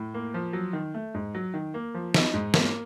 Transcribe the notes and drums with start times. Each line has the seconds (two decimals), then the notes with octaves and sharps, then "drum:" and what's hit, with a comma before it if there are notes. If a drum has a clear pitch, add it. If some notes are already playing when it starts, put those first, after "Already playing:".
Already playing: A2
0.14 A#3
0.34 F3
0.53 F#3
0.73 D#3
0.94 A3
1.14 G#2
1.35 F#3
1.54 D#3
1.74 A#3
1.94 F3
2.14 D#4, drum: snare
2.34 G#2
2.54 A#3, drum: snare